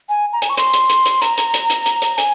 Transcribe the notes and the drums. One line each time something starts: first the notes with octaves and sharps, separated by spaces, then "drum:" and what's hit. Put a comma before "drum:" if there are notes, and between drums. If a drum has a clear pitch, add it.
G#5
A#5
G#5, drum: hi-hat
C#6
C6, drum: hi-hat
drum: hi-hat
drum: hi-hat
drum: hi-hat
A#5, drum: hi-hat
drum: hi-hat
drum: hi-hat
drum: hi-hat
drum: hi-hat
drum: hi-hat
G#5, drum: hi-hat